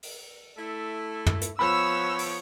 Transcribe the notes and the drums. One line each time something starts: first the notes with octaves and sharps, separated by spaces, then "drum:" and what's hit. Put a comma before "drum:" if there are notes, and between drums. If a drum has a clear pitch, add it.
drum: open hi-hat
A3 E4 A4
drum: tom
drum: hi-hat
F3 B3 C#5 B5 E6
drum: open hi-hat